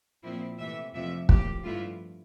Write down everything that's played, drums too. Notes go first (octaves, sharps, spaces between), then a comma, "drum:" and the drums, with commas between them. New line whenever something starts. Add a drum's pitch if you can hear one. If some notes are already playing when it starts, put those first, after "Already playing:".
A#2 F3 C4 E4
C3 E3 A3 E5
F2 C3 F3 A3 E5
A2 F3 A#3 G4, drum: kick
G2 D3 F3 A3 E4 F4